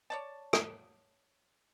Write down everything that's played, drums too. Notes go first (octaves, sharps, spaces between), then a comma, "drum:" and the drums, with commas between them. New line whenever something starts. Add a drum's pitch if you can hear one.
C#5 D5 A5
drum: rim click